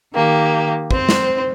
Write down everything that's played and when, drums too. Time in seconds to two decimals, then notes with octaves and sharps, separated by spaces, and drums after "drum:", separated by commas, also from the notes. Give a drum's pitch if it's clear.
0.13 D#3 A#3 G4
0.91 C4 C5, drum: kick
1.09 drum: snare